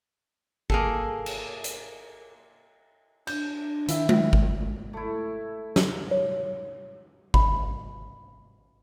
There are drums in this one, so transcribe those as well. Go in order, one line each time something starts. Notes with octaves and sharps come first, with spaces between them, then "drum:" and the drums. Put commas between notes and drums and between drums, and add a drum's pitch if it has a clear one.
A#3 G#4 A4, drum: kick G#1
drum: cymbal
drum: hi-hat
D4 G6, drum: cymbal
D#3 E4 E5, drum: hi-hat
drum: tom G#3
drum: kick G#1
A3 E4
drum: snare
C#5
B5, drum: kick G#1